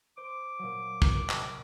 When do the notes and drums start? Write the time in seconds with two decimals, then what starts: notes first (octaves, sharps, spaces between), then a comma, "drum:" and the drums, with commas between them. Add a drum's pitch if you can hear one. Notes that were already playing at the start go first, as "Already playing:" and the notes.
0.17 C5 D6
0.59 A#2 F#3
1.02 drum: kick
1.30 drum: clap